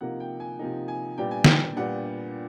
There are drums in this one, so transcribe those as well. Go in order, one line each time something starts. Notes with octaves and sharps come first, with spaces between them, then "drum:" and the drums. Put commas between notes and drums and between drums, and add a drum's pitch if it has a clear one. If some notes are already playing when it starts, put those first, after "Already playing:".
C3 F3 A#3 D#4 F#5
G5
G#5
C3 F3 A#3 D#4
G#5
A#2 G3 B3 D4 G5
G#5
G5, drum: snare
A#2 G3 B3 D4 F#5